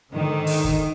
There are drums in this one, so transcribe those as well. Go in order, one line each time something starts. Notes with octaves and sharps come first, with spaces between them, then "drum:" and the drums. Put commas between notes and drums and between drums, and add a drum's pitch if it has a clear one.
G#2 D3 D#3
drum: open hi-hat
drum: kick